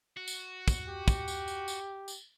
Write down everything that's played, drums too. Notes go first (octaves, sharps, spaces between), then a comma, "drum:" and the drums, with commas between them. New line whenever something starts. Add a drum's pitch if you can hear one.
F#4
drum: tambourine
drum: kick, tambourine
G4
drum: kick, tambourine
drum: tambourine
drum: tambourine
drum: tambourine
drum: tambourine